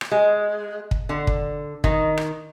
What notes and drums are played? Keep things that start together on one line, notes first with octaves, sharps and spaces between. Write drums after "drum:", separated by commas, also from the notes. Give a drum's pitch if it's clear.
drum: rim click
G#3
drum: kick
D3
drum: kick
D#3, drum: kick
drum: rim click